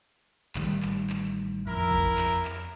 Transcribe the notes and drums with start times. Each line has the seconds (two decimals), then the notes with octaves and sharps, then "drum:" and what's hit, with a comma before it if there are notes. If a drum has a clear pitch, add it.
0.55 A1 D#3 G3, drum: clap
0.82 drum: clap
1.10 drum: clap
1.67 F2 E4 A#4, drum: open hi-hat
1.91 drum: kick G#1
2.18 drum: clap
2.45 drum: clap